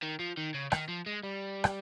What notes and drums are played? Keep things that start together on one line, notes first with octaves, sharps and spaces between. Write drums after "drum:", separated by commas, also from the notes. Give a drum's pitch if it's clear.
D#3
F3
D#3
C#3
D#3, drum: rim click
F3
G#3
G3
drum: rim click